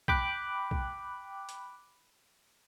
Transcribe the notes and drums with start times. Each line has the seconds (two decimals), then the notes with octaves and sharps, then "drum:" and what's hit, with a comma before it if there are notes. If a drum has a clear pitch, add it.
0.08 G5 B5 D6 F#6, drum: kick
0.71 drum: kick
1.49 drum: hi-hat